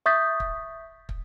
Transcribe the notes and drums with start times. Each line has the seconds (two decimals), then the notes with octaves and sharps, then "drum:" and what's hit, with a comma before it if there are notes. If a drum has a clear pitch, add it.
0.06 E5 C#6 D#6 G6 A6 B6
0.40 drum: kick
1.09 drum: kick